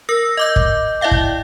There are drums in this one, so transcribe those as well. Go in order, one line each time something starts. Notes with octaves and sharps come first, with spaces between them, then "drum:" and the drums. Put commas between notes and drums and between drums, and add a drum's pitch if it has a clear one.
A#4 E6 A#6
D#5 D6 G6
drum: kick
E4 D5 E5 F5 G5
drum: kick